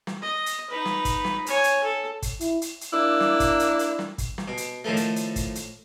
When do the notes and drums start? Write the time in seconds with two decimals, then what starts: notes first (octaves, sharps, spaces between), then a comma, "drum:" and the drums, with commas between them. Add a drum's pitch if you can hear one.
0.07 drum: snare
0.22 D#5
0.46 drum: hi-hat
0.70 D#4 B4
0.85 drum: snare
1.05 drum: kick, hi-hat
1.25 drum: snare
1.46 C#5 G#5, drum: hi-hat
1.64 drum: hi-hat
1.83 A4
2.22 drum: kick, hi-hat
2.40 E4, drum: hi-hat
2.62 drum: hi-hat
2.81 drum: hi-hat
2.94 A#3 D4 E4
3.20 drum: snare
3.40 drum: kick, hi-hat
3.59 drum: hi-hat
3.79 drum: hi-hat
3.99 drum: snare
4.18 drum: kick, hi-hat
4.38 drum: snare
4.48 B2
4.57 drum: hi-hat
4.84 A2 D#3 F3 A3
4.97 drum: hi-hat
5.16 drum: hi-hat
5.36 drum: kick, hi-hat
5.55 drum: hi-hat